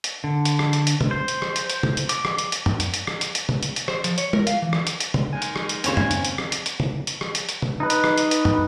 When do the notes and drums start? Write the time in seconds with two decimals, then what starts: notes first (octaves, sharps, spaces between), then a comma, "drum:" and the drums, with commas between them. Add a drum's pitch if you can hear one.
0.04 drum: hi-hat
0.24 D3
0.45 drum: hi-hat
0.59 drum: rim click
0.73 drum: hi-hat
0.87 drum: hi-hat
1.01 drum: tom
1.11 C5
1.28 drum: hi-hat
1.42 drum: rim click
1.56 drum: hi-hat
1.70 drum: hi-hat
1.83 drum: tom
1.97 drum: hi-hat
2.09 D6, drum: hi-hat
2.25 drum: rim click
2.38 drum: hi-hat
2.52 drum: hi-hat
2.66 drum: tom
2.80 drum: hi-hat
2.94 drum: hi-hat
3.07 drum: rim click
3.21 drum: hi-hat
3.35 drum: hi-hat
3.49 drum: tom
3.63 drum: hi-hat
3.76 drum: hi-hat
3.88 C5, drum: rim click
4.04 F3, drum: hi-hat
4.18 C#5, drum: hi-hat
4.33 A#4, drum: tom
4.47 F5, drum: hi-hat
4.62 E3
4.73 drum: rim click
4.87 drum: hi-hat
5.00 drum: hi-hat
5.14 drum: tom
5.33 G#3 D#4 A#4 G#5
5.42 drum: hi-hat
5.56 drum: rim click
5.69 drum: hi-hat
5.84 D#2 C#3 C4 C5 C#5 G#5, drum: hi-hat
5.97 drum: tom
6.11 drum: hi-hat
6.25 drum: hi-hat
6.38 drum: rim click
6.52 drum: hi-hat
6.66 drum: hi-hat
6.80 drum: tom
7.07 drum: hi-hat
7.21 drum: rim click
7.35 drum: hi-hat
7.49 drum: hi-hat
7.62 drum: tom
7.80 D#4 B4
7.90 drum: hi-hat
8.04 drum: rim click
8.18 drum: hi-hat
8.31 drum: hi-hat
8.45 drum: tom